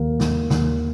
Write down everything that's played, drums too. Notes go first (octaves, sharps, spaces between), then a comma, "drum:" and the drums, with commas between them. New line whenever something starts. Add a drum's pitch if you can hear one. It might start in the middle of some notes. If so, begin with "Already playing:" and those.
Already playing: D#2 A#3
D#2, drum: snare
D#2, drum: snare